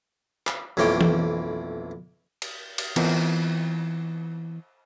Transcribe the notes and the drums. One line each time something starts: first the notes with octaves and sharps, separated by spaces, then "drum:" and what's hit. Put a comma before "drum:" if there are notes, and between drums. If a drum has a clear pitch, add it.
drum: clap
B1 F2 E3 A#3 C#5 G5
drum: tom E3
drum: cymbal
drum: cymbal
E3 B3 C4 F4 A#4, drum: cymbal